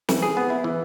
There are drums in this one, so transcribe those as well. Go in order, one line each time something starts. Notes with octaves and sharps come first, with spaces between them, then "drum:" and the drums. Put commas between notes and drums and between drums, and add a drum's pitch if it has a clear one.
E3, drum: snare
G#4
B3
E4
E3